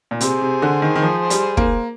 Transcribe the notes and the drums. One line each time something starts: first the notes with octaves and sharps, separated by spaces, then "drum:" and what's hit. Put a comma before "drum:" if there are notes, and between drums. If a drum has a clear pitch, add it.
A#2
C3 G#4 C5, drum: hi-hat
C3
D3
D#3
D#3
F3
G3, drum: hi-hat
A#3, drum: kick